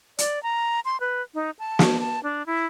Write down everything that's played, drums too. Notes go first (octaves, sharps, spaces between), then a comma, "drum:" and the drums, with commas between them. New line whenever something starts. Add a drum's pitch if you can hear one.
D5, drum: hi-hat
A#5
C6
B4
D#4
A5
drum: snare
A5
D4
E4